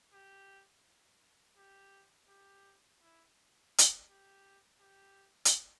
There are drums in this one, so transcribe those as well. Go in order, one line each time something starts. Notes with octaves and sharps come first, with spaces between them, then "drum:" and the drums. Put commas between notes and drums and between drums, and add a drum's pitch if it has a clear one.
G4
G4
G4
E4
drum: hi-hat
G4
G4
drum: hi-hat